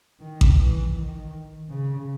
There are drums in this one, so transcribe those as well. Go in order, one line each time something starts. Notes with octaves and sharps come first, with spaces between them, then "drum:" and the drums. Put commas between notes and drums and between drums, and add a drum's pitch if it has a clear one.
D#3
drum: kick A1
E3
D#3
C#3